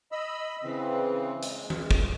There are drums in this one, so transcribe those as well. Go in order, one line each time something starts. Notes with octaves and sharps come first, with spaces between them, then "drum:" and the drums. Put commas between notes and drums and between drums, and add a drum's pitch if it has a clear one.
D#5 B5 E6
C#3 E3 C4
G#3, drum: hi-hat
drum: tom D#3
drum: kick